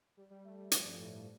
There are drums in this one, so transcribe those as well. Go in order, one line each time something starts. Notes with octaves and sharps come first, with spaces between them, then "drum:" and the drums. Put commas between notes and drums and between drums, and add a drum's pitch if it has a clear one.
G3
G3
A3
G3
F3, drum: hi-hat
G2
A2
G2